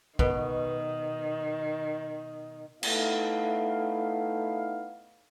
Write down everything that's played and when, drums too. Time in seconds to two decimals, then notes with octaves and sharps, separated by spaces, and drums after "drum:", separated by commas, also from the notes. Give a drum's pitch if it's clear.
0.19 B2 D#3, drum: kick A#1
2.83 A3 B3 D#4 E4 F5, drum: cymbal